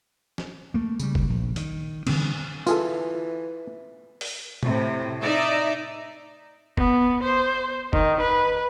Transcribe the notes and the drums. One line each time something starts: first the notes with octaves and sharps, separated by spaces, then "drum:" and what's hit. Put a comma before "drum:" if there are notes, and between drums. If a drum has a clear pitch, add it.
drum: snare
A3 A#3
C#3 G3, drum: tambourine
drum: kick
A#1
D#3, drum: hi-hat
D3 E3 G3 C4, drum: cymbal
E3 F4 G#4 A4, drum: tambourine
drum: open hi-hat
A2 C3, drum: tom B2
D#4 D5 E5
B3, drum: kick
C5
D#3, drum: kick
B4